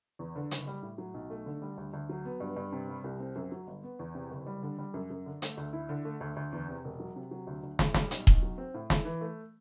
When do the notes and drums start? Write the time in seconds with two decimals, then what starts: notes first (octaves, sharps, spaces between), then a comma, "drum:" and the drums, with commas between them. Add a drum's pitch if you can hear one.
0.19 E2
0.36 D3
0.51 F#1, drum: hi-hat
0.67 G3
0.82 A2
0.98 F#3
1.14 B1
1.30 A3
1.46 D3
1.62 G3
1.77 D2
1.93 D2
2.09 F#3
2.25 B3
2.40 G2
2.56 G2
2.72 C3
2.89 G3
3.04 C2
3.20 C4
3.36 F#2
3.52 F#3
3.67 G1
3.83 B3
3.99 E2
4.15 C3
4.31 F#1
4.47 G3
4.63 D3
4.79 G3
4.94 F#2
5.10 F#2
5.26 D3
5.42 A3, drum: hi-hat
5.57 D2
5.73 E4
5.89 D3
6.05 A3
6.21 D2
6.36 D2
6.52 E2
6.69 C3
6.85 E1
7.00 F#3
7.16 C3
7.31 F#3
7.47 D2
7.63 D2
7.79 A2, drum: snare
7.94 G3, drum: snare
8.11 B1, drum: hi-hat
8.27 B1, drum: kick D#1
8.43 F#3
8.58 C4
8.74 A2
8.90 E4, drum: snare
9.05 E3
9.21 A3